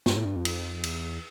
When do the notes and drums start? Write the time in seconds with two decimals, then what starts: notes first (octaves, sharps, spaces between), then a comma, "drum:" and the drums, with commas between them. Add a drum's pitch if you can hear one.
0.06 G2, drum: snare
0.16 A2
0.25 G2
0.36 F2
0.45 drum: cymbal
0.84 E2, drum: cymbal